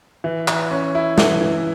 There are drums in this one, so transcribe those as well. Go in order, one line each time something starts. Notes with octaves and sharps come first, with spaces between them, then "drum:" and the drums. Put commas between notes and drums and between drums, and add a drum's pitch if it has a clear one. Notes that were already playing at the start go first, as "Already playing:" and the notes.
E3
E3, drum: clap
C#4
E4
E3, drum: snare
E3